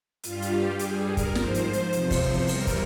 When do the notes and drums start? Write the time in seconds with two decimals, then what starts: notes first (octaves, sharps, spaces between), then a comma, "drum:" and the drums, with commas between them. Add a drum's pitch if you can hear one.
0.23 G2 G3 F4, drum: hi-hat
0.42 drum: hi-hat
0.52 G4
0.79 G2 G3 G#4, drum: hi-hat
1.07 A#4
1.17 drum: kick, hi-hat
1.35 G#2 F3 C5, drum: snare
1.54 drum: hi-hat
1.73 drum: hi-hat
1.93 E2 C3 F3 C5, drum: hi-hat
2.11 drum: kick, open hi-hat
2.47 E2 E3 G3 A#4, drum: open hi-hat
2.67 drum: kick, hi-hat